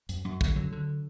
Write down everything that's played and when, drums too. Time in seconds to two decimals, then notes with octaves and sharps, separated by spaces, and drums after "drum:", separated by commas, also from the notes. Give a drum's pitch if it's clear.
0.09 F#2, drum: hi-hat
0.25 F#2
0.41 D3, drum: kick
0.56 D3 F#3
0.72 D3